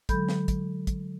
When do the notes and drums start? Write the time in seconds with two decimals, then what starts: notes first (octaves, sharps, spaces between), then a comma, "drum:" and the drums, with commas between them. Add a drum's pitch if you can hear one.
0.09 D3 F#3 G#3 A4 B5 G6, drum: kick, hi-hat
0.29 drum: snare
0.48 drum: kick, hi-hat
0.87 drum: kick, hi-hat